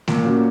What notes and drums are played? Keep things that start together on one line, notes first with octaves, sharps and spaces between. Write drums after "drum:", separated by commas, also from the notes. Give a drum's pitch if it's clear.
A#2, drum: snare A3
A#3 C#4 F#4